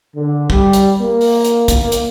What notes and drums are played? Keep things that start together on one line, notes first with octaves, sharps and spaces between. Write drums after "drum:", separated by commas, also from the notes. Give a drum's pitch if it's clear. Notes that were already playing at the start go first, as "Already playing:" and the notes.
D3
G3, drum: kick
drum: hi-hat
A#3
drum: open hi-hat
drum: hi-hat
drum: kick, hi-hat
A#3
drum: hi-hat